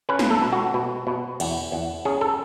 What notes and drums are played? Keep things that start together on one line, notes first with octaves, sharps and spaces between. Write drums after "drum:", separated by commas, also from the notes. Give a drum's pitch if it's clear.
C#4 B4
drum: snare
A4
B2
F#4
B2
B2
E2, drum: cymbal
E2
C#4 G#4
A4